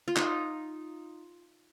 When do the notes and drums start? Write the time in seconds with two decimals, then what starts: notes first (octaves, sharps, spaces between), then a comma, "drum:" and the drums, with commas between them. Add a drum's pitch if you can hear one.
0.08 F4
0.16 D#4, drum: clap